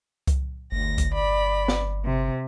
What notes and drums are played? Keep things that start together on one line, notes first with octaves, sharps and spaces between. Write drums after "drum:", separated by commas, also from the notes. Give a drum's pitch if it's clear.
drum: kick C2, hi-hat
G1 D2 A#6
drum: kick C2, hi-hat
D5 B5
drum: snare
C3